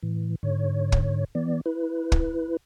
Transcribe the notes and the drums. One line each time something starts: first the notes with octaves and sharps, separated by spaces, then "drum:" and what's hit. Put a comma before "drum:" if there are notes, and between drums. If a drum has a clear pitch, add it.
A2 E3
G#2 D3 C#5
drum: kick
E3 B3 D5
E4 B4
drum: kick